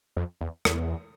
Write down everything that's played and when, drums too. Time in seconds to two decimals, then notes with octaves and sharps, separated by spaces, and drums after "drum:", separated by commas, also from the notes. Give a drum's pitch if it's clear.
0.16 F2
0.41 E2
0.65 E2, drum: rim click